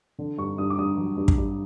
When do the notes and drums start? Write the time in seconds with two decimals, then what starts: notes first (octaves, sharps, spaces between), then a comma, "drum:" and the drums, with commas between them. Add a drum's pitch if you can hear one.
0.19 D3
0.38 G2 C#6
0.58 G2 D#6
0.70 D6
0.78 G2 D#6
0.98 F#3
1.17 G2
1.28 drum: kick
1.38 G2